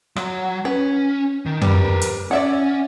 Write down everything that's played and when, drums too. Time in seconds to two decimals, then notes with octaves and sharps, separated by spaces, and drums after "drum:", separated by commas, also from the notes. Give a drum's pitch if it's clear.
0.16 F#3, drum: rim click
0.65 C#4 B4
1.46 D#3
1.62 G3 A#4 B4, drum: tom
2.01 drum: hi-hat
2.31 C#4 D5 E5 F#5